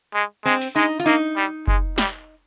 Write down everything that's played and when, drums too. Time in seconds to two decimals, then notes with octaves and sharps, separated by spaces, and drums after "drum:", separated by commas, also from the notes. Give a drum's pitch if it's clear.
0.14 G#3
0.45 G#3 C4
0.61 drum: open hi-hat
0.76 G#3 D#4
1.00 F4
1.06 A#3 D#4
1.36 G3
1.67 G#3, drum: kick F#1
1.98 G3, drum: snare